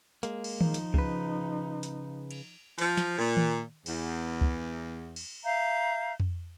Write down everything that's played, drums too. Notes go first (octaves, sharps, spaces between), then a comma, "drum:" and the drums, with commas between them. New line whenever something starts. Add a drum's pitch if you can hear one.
G#3 A#3, drum: hi-hat
drum: cymbal
F3 D#4, drum: tom D#3
drum: hi-hat
C#3 B4, drum: kick C#2
drum: hi-hat
drum: cymbal
F3, drum: hi-hat
drum: snare
A#2
drum: tom D#3
E2, drum: cymbal
drum: kick C#2
drum: cymbal
E5 F5 A#5 G6
drum: tom F2